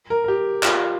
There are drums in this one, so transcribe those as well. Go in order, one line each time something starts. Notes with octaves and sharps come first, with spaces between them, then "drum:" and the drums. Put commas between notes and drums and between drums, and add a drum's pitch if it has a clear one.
A#4
A#4
G4
F4, drum: clap